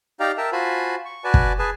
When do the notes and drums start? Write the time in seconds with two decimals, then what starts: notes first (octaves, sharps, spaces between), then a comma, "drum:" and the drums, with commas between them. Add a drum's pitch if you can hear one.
0.20 D#4 G4 D5 F5 G5 A#5
0.37 A#4 E5 G5 A5
0.52 F4 F#4 C5 G#5 A5 B5
1.05 C#6
1.24 F#4 B4 D5 G#5 A5
1.34 drum: kick
1.59 G#4 B4 G#5 A5